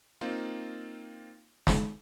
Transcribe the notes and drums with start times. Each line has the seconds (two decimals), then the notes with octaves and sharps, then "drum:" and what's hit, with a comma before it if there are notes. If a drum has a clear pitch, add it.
0.21 A#3 C4 D#4 F4
1.67 drum: snare